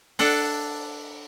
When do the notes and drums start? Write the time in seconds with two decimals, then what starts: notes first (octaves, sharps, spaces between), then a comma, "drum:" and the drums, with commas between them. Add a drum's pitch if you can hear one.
0.19 D4 A4 F#5, drum: open hi-hat